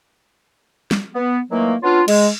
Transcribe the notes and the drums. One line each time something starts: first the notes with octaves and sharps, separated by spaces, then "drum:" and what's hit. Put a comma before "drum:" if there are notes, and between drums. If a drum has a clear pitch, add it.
drum: snare
B3
D#3 E3 F#3 A3 A#3
B3 C#4 D4 F4
G#3, drum: cymbal